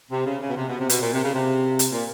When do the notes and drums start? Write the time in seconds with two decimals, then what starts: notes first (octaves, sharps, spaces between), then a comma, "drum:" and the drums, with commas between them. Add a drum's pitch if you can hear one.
0.11 C3
0.26 C#3
0.41 C#3
0.48 B2
0.57 C3
0.68 B2
0.79 C3
0.89 B2, drum: hi-hat
1.01 A#2
1.13 C3
1.24 C#3
1.35 C3
1.79 drum: hi-hat
1.92 A#2